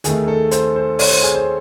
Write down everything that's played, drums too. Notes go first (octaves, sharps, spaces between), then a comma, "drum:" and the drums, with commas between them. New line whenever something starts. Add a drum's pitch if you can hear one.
D#2 D#3 A3 G#4, drum: hi-hat
A4
C5, drum: hi-hat
C5
C#5, drum: open hi-hat
C5
G#4
C5